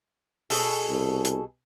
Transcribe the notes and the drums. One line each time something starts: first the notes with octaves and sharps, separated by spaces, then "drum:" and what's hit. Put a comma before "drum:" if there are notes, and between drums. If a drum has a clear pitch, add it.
B2 G#4 A4, drum: open hi-hat
C2
drum: hi-hat